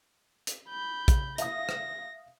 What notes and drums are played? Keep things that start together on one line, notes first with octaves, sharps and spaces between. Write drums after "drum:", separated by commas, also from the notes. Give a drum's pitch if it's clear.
drum: hi-hat
B5 G6
drum: kick, hi-hat
E5 F5 D#6 A#6, drum: hi-hat
drum: rim click